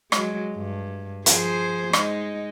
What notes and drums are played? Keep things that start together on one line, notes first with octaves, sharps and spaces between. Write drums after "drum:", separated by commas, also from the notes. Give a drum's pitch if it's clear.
F#3 G#3, drum: rim click
G2
F3 G#4 C5, drum: hi-hat
G#3 D#4, drum: rim click